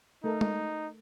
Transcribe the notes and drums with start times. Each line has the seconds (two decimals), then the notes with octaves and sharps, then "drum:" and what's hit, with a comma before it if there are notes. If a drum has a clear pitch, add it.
0.24 A3 D#4 A4 A#4
0.41 drum: tom G#3